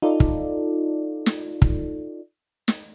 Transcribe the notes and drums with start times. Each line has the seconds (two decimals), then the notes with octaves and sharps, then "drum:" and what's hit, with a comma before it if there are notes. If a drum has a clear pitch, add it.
0.02 D#4 F4 A4 D5
0.20 drum: kick
1.26 drum: snare
1.62 drum: kick
2.68 drum: snare